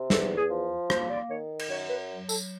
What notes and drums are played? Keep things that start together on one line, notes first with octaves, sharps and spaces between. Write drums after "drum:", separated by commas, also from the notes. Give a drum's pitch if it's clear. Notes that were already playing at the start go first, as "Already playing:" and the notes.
Already playing: C3
E2 A4, drum: snare
G#4
F3
A#3 C5, drum: rim click
D5
D#3 C#5
drum: cymbal
F#2 C#5
B4
F#3
A4, drum: tambourine